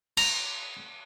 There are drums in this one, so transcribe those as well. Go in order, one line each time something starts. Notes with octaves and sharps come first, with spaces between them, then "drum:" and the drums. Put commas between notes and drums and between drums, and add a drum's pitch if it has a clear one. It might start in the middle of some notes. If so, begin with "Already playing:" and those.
A#5, drum: cymbal